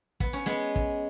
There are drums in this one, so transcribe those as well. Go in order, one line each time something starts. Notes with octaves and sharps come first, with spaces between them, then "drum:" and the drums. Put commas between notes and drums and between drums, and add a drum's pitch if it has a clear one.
B3, drum: kick
C#4
G#3 B3
drum: kick